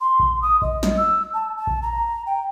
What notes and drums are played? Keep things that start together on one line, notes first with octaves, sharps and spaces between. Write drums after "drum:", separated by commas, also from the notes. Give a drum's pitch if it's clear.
C6
drum: kick A#1
D#6
D#5, drum: kick A#1
drum: snare
E6
A5
A5
drum: kick A#1
A#5
G5